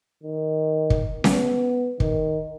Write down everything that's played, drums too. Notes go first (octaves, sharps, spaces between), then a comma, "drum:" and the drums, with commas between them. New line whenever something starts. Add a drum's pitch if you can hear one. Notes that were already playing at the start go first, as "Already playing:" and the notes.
D#3
drum: kick
B3, drum: snare C#4
D#3, drum: kick